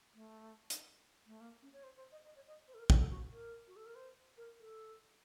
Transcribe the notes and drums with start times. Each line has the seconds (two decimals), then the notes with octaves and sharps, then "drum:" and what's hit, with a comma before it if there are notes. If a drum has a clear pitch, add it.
0.14 A3
0.70 drum: hi-hat
1.26 A3
1.41 A#3
1.62 C#4
1.73 C#5
1.83 C5
1.97 C5
2.12 D#5
2.25 D#5
2.36 C#5
2.47 D#5
2.68 C5
2.74 A4
2.79 A#4
2.90 F#4, drum: kick
3.00 A4
3.10 F#4
3.32 A#4
3.67 F#4
3.76 A4
3.86 A#4
3.95 C5
4.37 A#4
4.59 A4